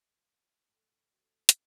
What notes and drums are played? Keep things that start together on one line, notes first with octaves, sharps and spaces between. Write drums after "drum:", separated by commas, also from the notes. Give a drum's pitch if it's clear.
B3 F4
F2 A2 A3 D5 G5 G#5
D3 A3 C4 F#4
drum: hi-hat